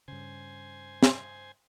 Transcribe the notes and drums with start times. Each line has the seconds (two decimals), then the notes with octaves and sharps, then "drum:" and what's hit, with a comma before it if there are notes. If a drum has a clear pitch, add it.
0.08 G2 C#3 C5 G#5
1.03 drum: snare